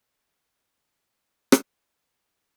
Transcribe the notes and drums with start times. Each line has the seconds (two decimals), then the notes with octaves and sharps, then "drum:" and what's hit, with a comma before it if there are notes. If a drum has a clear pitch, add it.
0.21 C4 F#4 C#5 F5 F#5 D#6
1.52 drum: rim click